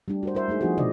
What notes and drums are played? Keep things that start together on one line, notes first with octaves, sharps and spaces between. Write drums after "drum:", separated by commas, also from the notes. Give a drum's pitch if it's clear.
G3 A3 D4 G4
F#4 A#4 C5
E4 A#4 C5 E5
G#3 A3 D#4 G#4
F3 B3 D4 D#4 F#4 G#4
A3 D4 D5 D#5, drum: tom